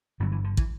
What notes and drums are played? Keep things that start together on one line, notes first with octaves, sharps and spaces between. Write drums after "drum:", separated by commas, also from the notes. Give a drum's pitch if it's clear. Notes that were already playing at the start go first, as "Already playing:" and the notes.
G1 G2 D3 F#3
E3
D3
E3, drum: kick